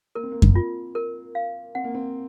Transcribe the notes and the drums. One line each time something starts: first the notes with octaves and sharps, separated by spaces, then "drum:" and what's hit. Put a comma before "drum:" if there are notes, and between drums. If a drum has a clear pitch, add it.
A#3 A#4
C4
A#3
drum: kick F#2
F4
A#4
F5
C4 F#5
A#3
C4